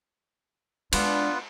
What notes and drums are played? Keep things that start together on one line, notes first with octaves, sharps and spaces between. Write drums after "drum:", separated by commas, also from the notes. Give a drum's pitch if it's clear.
G#3 B3 D4 F4 B4, drum: cymbal